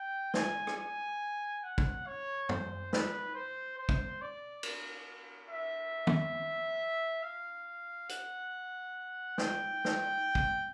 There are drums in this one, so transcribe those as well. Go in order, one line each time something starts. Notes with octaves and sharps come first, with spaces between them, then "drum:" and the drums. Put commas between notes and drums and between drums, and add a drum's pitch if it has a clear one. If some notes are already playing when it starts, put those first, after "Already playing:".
Already playing: G5
G#5, drum: snare
drum: rim click
G#5
F#5
drum: kick
C#5
C5, drum: tom
B4, drum: snare
C5
C5
drum: kick
D5
drum: cymbal
E5
drum: tom
F5
F#5, drum: hi-hat
G5, drum: snare
drum: snare
drum: kick